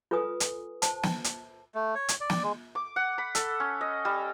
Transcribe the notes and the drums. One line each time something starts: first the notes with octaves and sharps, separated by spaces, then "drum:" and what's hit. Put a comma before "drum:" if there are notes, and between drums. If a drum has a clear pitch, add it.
F4 A4 B4 G#5 D#6
drum: hi-hat
C5 A5, drum: hi-hat
drum: snare
drum: hi-hat
A3
C#5
drum: hi-hat
D5
drum: snare
G#3
D6
F#5
B5
A4, drum: hi-hat
C#4
D#5
G3